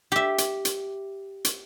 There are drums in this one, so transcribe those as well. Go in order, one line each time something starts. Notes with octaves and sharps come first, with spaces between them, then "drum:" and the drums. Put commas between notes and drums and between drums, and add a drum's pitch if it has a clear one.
G4 E5
drum: hi-hat
drum: hi-hat
drum: hi-hat